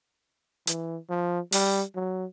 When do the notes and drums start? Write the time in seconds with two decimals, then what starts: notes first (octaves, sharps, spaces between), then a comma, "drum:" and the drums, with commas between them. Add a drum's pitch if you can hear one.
0.67 E3, drum: hi-hat
1.10 F3
1.52 G3, drum: open hi-hat
1.95 F#3